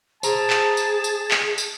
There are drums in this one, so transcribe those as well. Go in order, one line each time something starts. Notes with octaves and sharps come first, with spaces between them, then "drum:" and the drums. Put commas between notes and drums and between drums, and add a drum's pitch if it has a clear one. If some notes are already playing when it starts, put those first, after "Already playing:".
G#4 C5 A5 A#5, drum: tambourine
drum: clap
drum: tambourine
drum: tambourine
drum: clap
drum: tambourine